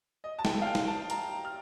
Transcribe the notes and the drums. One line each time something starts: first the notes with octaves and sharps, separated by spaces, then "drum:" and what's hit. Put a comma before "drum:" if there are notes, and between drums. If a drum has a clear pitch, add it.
D#5
A5
G5, drum: snare
F5
G5
drum: snare
A5
A#5, drum: hi-hat
F6